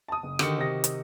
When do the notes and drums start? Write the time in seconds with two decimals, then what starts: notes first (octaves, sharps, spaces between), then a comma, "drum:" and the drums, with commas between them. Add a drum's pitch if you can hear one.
0.08 A5 D#6
0.23 F#1
0.39 D3 D#3 F#4 G4 C#7, drum: rim click
0.58 C3 A#6
0.84 drum: hi-hat